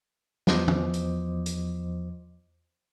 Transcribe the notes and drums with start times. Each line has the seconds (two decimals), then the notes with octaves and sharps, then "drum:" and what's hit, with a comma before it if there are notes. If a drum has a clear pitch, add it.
0.47 E2 F3 C5 D#5 D6, drum: snare
0.68 drum: tom
0.94 drum: hi-hat
1.46 drum: hi-hat